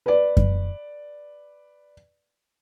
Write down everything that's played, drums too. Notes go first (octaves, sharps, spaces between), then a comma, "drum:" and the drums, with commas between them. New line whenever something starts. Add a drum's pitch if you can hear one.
B4 D5
drum: kick F#2